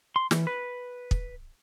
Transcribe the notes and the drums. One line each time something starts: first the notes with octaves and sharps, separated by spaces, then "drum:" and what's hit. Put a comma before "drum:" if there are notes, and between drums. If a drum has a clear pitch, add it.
C6
E3, drum: snare
B4
drum: kick